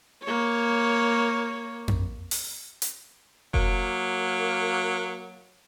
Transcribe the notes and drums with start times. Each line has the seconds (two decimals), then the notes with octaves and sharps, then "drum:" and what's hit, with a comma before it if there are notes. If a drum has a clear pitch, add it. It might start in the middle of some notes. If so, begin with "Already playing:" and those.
0.23 A#3 C#5
1.88 drum: tom F2
2.31 drum: open hi-hat
2.82 drum: hi-hat
3.54 F#3 A#3, drum: kick F1